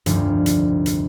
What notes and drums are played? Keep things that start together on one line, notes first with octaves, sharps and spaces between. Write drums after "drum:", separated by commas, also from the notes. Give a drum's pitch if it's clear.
F1 D2 G2 D#3 F3 C4, drum: hi-hat
drum: hi-hat
drum: hi-hat